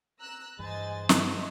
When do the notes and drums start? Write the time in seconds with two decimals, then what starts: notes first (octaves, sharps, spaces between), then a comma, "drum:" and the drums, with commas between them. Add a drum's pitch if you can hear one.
0.19 A#5 E6 F#6
0.59 G2 E3 G#3 C5 D#5 G#5 A6
1.09 D#5 E5 C6, drum: snare